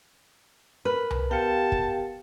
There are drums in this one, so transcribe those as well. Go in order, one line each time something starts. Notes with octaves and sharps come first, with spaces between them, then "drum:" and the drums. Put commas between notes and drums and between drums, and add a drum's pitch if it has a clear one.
A#4 B4 B5
drum: tom C2
B3 G4 A#4 F5 G5 A5 C#7
drum: kick